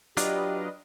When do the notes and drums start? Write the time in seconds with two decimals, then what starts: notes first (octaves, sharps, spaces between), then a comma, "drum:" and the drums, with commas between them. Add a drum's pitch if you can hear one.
0.17 F#3 D4 F4 G4 B4 D5 D#5, drum: hi-hat